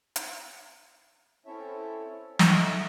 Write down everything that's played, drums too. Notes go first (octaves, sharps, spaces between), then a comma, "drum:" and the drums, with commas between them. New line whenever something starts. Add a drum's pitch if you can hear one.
drum: hi-hat
C4 C#4 E4 A4 C#5 E5
D3 G#3 A3 D#4, drum: snare